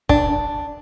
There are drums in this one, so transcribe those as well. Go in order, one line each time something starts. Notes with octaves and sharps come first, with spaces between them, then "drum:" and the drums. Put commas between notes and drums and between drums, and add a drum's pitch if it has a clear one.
D4, drum: kick